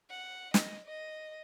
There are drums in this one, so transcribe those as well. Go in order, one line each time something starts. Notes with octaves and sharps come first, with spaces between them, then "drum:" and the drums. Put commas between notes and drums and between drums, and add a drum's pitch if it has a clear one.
F#5
D#5, drum: snare
D#5